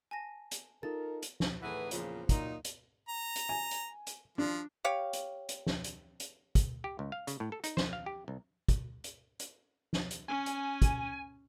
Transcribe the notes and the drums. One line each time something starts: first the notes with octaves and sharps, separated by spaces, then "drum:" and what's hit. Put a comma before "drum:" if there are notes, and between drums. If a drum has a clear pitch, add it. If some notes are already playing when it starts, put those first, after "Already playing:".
G#5 A5 A#6
drum: hi-hat
D#4 F4 A4 A#4 A6
drum: hi-hat
drum: snare
A2 D#3 E3 G#4 B4 F#5
E2 A#2 C#3 F3, drum: hi-hat
A#2 D#3 F#3 D#4, drum: kick, hi-hat
drum: hi-hat
A#5
drum: hi-hat
G#5
drum: hi-hat
drum: hi-hat
F3 D4
G4 C#5 F5
drum: hi-hat
drum: hi-hat
drum: snare
drum: hi-hat
drum: hi-hat
drum: kick, hi-hat
G4
C#2
F5
C#3, drum: hi-hat
A2
A4
D#4, drum: hi-hat
C5, drum: snare
F5
G4
C2
drum: kick, hi-hat
drum: hi-hat
drum: hi-hat
drum: snare
drum: hi-hat
C#4 G#5
drum: hi-hat
drum: kick, hi-hat